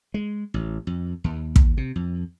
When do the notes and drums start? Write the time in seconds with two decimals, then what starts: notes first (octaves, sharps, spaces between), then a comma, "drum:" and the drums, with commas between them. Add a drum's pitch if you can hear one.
0.14 G#3
0.54 A1
0.87 F2
1.24 D#2
1.56 drum: kick
1.77 C3
1.96 F2